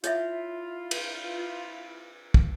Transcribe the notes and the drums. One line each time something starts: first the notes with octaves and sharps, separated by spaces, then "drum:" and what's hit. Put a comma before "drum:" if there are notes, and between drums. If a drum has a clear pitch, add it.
E4 F4 C#5 D#5 E5, drum: hi-hat
drum: cymbal
drum: kick